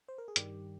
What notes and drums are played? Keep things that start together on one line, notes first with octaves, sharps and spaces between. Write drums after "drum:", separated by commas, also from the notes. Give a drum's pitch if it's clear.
C5
A#4
G#4
G2 D#3 G3 G4, drum: hi-hat